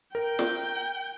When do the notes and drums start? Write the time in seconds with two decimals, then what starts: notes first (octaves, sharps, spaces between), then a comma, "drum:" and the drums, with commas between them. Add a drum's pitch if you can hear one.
0.15 A#4 G5
0.39 drum: snare